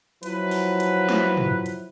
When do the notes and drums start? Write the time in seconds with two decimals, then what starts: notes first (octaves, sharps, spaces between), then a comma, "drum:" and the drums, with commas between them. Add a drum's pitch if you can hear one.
0.23 F3 F#3 E4 B4, drum: hi-hat
0.51 drum: open hi-hat
0.80 drum: hi-hat
1.09 drum: snare
1.37 drum: tom
1.66 drum: hi-hat